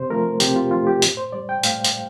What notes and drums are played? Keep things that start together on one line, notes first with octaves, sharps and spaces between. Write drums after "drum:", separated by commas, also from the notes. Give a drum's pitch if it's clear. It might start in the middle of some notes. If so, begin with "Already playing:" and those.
Already playing: C3 C5
F3 A3 A#4
C3 G4, drum: hi-hat
F4
F3 A3 F4
G4
A2, drum: hi-hat
C5
G3 D5
G5
A2 F5, drum: hi-hat
drum: hi-hat